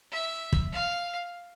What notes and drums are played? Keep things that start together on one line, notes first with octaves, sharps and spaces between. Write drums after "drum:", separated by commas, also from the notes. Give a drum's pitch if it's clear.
E5
drum: kick
F5